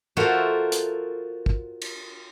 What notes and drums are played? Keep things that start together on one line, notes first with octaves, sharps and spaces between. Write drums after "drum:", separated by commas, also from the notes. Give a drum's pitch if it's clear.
F4 F#4 A4 A#4 C5 E5
drum: hi-hat
drum: kick
drum: cymbal